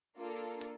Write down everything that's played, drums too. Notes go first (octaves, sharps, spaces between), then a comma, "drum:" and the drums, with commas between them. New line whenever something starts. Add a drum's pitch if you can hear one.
A#3 D4 F4 A4
drum: hi-hat